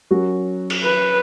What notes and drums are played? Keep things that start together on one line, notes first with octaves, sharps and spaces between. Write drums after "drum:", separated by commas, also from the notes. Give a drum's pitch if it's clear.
F#3 C#4 F#4 A#4
drum: cymbal
B4